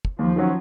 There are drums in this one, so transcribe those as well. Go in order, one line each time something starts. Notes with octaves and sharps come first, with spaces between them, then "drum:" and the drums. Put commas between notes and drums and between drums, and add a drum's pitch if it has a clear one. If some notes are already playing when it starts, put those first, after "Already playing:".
drum: kick
D#2 F3
D#3 F#3 C#4